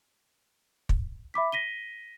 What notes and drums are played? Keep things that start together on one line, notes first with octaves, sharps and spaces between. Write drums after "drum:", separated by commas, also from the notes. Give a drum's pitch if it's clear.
drum: kick
E5 B5 D6 B6
A#6 B6 D#7 G7